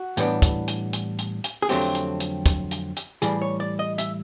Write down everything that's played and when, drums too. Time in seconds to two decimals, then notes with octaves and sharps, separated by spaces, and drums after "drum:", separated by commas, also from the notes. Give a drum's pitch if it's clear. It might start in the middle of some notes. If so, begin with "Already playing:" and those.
Already playing: F#4
0.17 A2 E3 G3 B3 D4, drum: hi-hat
0.42 drum: kick, hi-hat
0.68 drum: hi-hat
0.93 drum: hi-hat
1.18 drum: hi-hat
1.44 drum: hi-hat
1.62 G#4
1.69 F2 D3 F#3 A3 C4 G4, drum: open hi-hat
1.95 drum: hi-hat
2.20 drum: hi-hat
2.46 drum: kick, hi-hat
2.71 drum: hi-hat
2.96 drum: hi-hat
3.22 A2 E3 G3 G#4, drum: hi-hat
3.42 C#5
3.60 D5
3.79 D#5
3.98 E5, drum: hi-hat